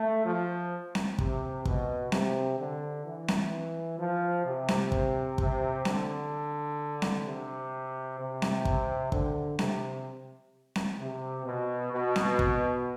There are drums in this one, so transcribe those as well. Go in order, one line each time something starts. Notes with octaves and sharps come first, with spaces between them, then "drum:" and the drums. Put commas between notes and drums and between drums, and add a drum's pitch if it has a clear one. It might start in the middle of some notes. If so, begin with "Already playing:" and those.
Already playing: A3
F3
drum: snare C4
C3, drum: kick
B2, drum: kick
C3, drum: snare C4
D3
E3
drum: snare C4
F3
C3
drum: snare C4
drum: kick
C3, drum: kick
D3, drum: snare C4
drum: snare C4
C3
C3
drum: snare C4
drum: kick
D3, drum: kick
C3, drum: snare C4
drum: snare C4
C3
B2
B2
drum: snare C4
drum: kick